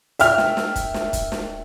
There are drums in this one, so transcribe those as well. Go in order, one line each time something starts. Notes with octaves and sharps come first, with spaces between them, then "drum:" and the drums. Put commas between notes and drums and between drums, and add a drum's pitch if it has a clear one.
E5 G5 F6, drum: hi-hat
drum: snare
drum: snare
drum: kick, hi-hat
drum: snare
drum: kick, hi-hat
drum: snare